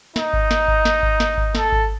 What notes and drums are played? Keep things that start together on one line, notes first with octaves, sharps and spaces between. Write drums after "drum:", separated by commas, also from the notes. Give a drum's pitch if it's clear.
D#4, drum: snare
drum: kick G#1
drum: snare
drum: kick G#1
drum: snare
drum: kick G#1
drum: snare
drum: kick G#1
A4, drum: snare
drum: kick G#1